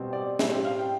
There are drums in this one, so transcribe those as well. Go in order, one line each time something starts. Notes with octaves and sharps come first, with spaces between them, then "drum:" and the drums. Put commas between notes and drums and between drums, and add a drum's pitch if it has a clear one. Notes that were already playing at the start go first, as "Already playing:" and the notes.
Already playing: B2 G3 C4
D5
A2 G3 C4 E5, drum: snare
E5
F5
G5